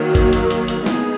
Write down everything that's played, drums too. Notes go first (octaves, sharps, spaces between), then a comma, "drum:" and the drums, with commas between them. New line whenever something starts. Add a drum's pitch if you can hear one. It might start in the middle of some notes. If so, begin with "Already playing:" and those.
Already playing: D#3 F#3 A#3
drum: kick, hi-hat
drum: hi-hat
drum: hi-hat
drum: hi-hat
B3 D#4 G#4, drum: snare